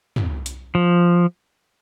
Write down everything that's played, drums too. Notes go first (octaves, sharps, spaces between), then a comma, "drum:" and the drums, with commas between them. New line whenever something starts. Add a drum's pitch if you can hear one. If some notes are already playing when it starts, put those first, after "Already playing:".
drum: tom
drum: hi-hat
F3